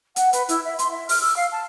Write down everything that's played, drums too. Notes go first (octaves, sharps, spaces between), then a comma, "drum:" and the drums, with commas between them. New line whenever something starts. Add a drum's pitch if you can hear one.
F#5, drum: hi-hat
B4, drum: hi-hat
E4, drum: hi-hat
E5
C6, drum: hi-hat
E5
F6, drum: open hi-hat
E6
F5
A5